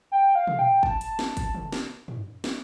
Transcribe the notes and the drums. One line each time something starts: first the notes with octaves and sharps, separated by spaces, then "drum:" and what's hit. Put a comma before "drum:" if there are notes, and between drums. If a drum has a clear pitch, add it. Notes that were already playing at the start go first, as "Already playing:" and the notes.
G5
F5
drum: tom
G5
A5, drum: kick
drum: hi-hat
drum: snare
drum: kick, hi-hat
drum: tom
drum: snare
drum: tom
drum: snare